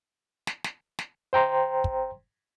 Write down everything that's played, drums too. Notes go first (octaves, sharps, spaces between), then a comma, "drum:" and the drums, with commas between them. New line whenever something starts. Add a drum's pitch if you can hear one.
drum: snare
drum: snare
drum: snare
C5 G5 A#5 C6
drum: kick